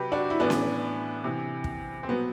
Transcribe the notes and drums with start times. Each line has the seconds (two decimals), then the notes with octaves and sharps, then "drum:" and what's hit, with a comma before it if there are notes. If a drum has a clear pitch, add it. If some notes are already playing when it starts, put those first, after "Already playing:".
Already playing: C3 F#3 G4 B4
0.12 D4 F#4
0.30 E4
0.40 A2 E3 B3 D4
0.50 drum: snare C#4
1.24 C3 E3
1.64 drum: kick
2.03 C4
2.09 B2 F#3 B3